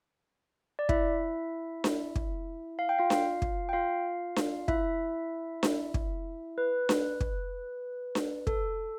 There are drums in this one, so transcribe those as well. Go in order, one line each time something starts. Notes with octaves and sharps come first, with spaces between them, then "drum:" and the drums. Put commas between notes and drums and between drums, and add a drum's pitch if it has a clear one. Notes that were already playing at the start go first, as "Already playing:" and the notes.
D5
E4 E5, drum: kick
drum: snare D4
drum: kick
F5
G5
F4 F5
drum: snare D4
drum: kick
G5
F4 F5
drum: snare D4
E4 E5, drum: kick
drum: snare D4
drum: kick
B4
drum: snare D4
drum: kick
drum: snare D4
A4, drum: kick